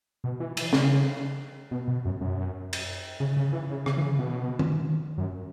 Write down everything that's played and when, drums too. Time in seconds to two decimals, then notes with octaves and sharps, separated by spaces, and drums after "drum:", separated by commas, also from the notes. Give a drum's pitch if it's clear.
0.24 B2
0.40 E3
0.57 E3, drum: cymbal
0.73 C#3, drum: snare
1.71 B2
1.88 B2
2.05 F#2
2.21 F#2
2.73 drum: cymbal
3.20 C#3
3.36 C#3
3.53 E3
3.69 C#3
3.86 C#3, drum: rim click
3.97 E3
4.02 C#3
4.19 B2
4.59 drum: tom D#3
5.18 F#2